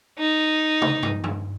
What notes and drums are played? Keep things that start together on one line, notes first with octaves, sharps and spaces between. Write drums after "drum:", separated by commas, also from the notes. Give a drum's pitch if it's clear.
D#4
drum: tom
drum: tom
drum: tom G2